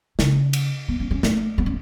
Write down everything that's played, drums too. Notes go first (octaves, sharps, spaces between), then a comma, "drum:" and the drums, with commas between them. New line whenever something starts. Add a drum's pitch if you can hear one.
C#3, drum: snare
drum: cymbal
B3
C#4
C#4
A3, drum: snare
B3
C#4